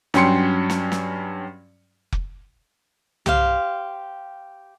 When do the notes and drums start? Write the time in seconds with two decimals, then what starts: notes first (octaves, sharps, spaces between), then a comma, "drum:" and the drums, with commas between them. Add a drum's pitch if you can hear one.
0.14 G2 F#3 C#4 G5 C6 C#7, drum: snare
0.70 drum: snare
0.92 drum: snare
2.12 drum: kick F1
3.26 G4 C5 F5, drum: tom C2